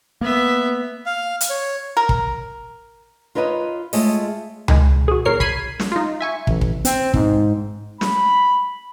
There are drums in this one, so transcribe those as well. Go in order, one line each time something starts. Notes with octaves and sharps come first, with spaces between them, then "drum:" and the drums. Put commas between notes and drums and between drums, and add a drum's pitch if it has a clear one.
A#3 B3 E5
F5
drum: hi-hat
C#5
A#4
drum: kick
F4 A#4 B4 C#5 D#5
G#3 A3 F4 G#4 C#5 D#5, drum: open hi-hat
D2 D#3 G#3, drum: tom C#2
F#4 G#4
G1 A#4 C#5 C7
B5 G#6 C7 D#7, drum: kick
drum: snare
D#4 F4
E5 G#5 C#6
A1, drum: kick
drum: kick
C4, drum: hi-hat
G#2, drum: kick
B5, drum: snare